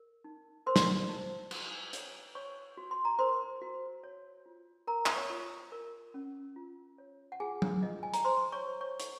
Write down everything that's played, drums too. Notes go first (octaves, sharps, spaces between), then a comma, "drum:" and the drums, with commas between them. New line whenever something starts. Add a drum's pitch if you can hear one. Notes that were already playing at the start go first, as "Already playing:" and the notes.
Already playing: A#4
D#4
A#4 C5 C6
drum: snare
D#4
F#4, drum: cymbal
C#5, drum: hi-hat
C#5 C#6
F#4
C6
A#5
A#4 C5 C6
F#4
C#5
F4
A#4 A#5
D#6, drum: clap
C#5 C#6
F4
A#4
C#4
F4
C#5
F#5
F4 G#4 G#5
drum: tom F#3
F4 D#5
G#5
A#5, drum: hi-hat
C5 C6
C#5 C#6
C5
C#5 C#6
C#6, drum: hi-hat